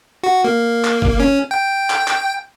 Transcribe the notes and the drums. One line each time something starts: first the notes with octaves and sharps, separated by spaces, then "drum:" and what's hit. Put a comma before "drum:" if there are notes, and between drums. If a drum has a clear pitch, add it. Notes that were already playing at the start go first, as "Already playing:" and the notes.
F#4
A#3
drum: clap
drum: kick
C#4
G5
drum: clap
drum: clap